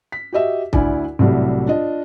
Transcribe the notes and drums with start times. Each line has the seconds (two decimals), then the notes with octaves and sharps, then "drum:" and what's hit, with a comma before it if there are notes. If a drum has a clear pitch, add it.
0.12 B6
0.33 F#4 G4 D#5 E5
0.73 D2 E4 D5 G#5, drum: kick
1.19 C2 A2 F#3 G3
1.67 D4 F4 D#5